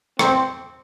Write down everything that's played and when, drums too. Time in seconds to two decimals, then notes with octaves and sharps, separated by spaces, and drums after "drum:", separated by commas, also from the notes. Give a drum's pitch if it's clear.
0.19 C4, drum: rim click